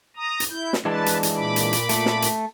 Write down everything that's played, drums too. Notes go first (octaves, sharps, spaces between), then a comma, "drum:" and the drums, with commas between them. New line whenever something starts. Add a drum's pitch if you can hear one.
A#5 D#6
drum: hi-hat
E4 G6
drum: snare
E3 G#3 D4 B4 A5
drum: hi-hat
drum: hi-hat
A#2 B5 D6
drum: hi-hat
drum: hi-hat
A3, drum: hi-hat
drum: snare
drum: hi-hat